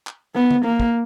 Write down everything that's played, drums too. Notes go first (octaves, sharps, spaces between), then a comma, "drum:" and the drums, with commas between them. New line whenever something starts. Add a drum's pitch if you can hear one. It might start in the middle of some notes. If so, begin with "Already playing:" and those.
drum: clap
B3
drum: tom
A#3
drum: kick